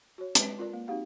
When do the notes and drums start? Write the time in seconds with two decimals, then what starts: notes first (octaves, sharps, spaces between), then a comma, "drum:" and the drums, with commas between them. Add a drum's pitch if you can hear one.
0.18 F#4 C#5
0.35 G#3 C4 B4, drum: hi-hat
0.59 F4 A#4 D5
0.73 A#3
0.87 C4 D#4 F#4 G4 F5 F#5